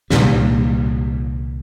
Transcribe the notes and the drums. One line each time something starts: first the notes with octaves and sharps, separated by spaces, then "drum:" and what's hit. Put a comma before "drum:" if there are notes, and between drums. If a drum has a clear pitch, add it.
C2 A#2 D#3 G3, drum: snare